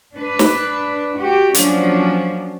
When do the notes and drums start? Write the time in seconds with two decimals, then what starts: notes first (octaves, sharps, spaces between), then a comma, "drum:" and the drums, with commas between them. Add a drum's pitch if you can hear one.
0.17 D4 B4
0.39 drum: snare
1.17 F#4 G4
1.55 F3 F#3 A#3 C#4 D4, drum: hi-hat